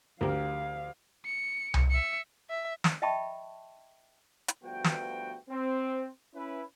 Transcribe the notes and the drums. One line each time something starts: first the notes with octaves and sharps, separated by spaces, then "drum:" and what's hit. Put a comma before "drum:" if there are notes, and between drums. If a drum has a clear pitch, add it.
D2 G4 A#4 F5
C#7
drum: tom C2
E5 C#7
E5
drum: snare
D#5 E5 G5 A5 B5 C#6
drum: hi-hat
D2 G2 F3 B3 F#4 G5
drum: snare
C4
C#4 E4 B4